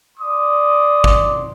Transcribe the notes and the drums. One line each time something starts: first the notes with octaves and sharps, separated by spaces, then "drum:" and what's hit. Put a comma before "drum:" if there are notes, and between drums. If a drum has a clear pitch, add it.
D5 C6 D6 D#6
drum: kick